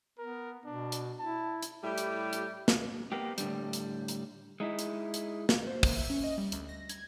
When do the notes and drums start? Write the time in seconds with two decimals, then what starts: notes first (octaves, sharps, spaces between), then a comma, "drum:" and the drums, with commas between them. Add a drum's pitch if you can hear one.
0.18 B3 A#4
0.65 B2 D4
0.92 drum: hi-hat
1.19 E4 A5
1.62 drum: hi-hat
1.83 A2 G3 E4 G4
1.98 drum: hi-hat
2.33 drum: hi-hat
2.68 drum: snare
3.12 A#3 B3 G4
3.38 A2 D3 G3, drum: hi-hat
3.73 drum: hi-hat
4.08 drum: hi-hat
4.60 G#3 D#4 E4
4.79 drum: hi-hat
5.14 drum: hi-hat
5.49 drum: snare
5.67 C5
5.83 A#3, drum: kick, open hi-hat
5.96 E5
6.10 C#4
6.24 D#5
6.38 G3
6.52 D2, drum: hi-hat
6.69 A#6
6.89 G#6, drum: hi-hat